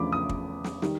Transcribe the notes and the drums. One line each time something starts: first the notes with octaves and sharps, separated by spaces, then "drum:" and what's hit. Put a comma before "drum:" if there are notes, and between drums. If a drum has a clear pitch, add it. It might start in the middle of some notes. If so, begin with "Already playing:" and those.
Already playing: E2 C#3 F3 A3 D4 B5 D6
D#6
drum: kick
drum: snare
D#3 G3, drum: snare